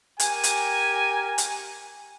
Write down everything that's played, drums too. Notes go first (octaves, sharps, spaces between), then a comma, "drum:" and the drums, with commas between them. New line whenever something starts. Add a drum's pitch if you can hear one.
G4 A#4 G#5, drum: hi-hat
drum: hi-hat
drum: hi-hat